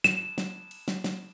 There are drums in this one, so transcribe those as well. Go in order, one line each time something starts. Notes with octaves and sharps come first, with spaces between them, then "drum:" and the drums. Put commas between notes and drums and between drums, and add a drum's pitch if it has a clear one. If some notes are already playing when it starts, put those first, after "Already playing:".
E7, drum: snare
drum: snare
drum: cymbal
drum: snare
drum: snare